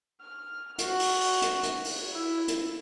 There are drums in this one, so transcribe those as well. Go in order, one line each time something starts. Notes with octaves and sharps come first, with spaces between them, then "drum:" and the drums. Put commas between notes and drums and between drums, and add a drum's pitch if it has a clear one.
F6
F#4, drum: hi-hat
drum: open hi-hat
drum: open hi-hat
drum: hi-hat
drum: hi-hat
drum: open hi-hat
E4
drum: hi-hat